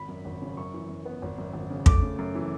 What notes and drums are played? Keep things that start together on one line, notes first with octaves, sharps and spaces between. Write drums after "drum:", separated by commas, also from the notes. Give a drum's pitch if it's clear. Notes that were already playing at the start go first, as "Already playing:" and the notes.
Already playing: G#1 B5
F#2
G#1
C#3
F#2 C#6
E3
F#2
B3
G#1
F#2
G#1
C#3
A3 D6, drum: kick
C#3
F#2
E3